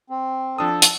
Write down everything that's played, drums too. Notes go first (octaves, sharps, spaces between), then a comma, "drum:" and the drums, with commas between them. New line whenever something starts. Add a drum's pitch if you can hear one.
C4
F3 D4 A4 D#6
drum: hi-hat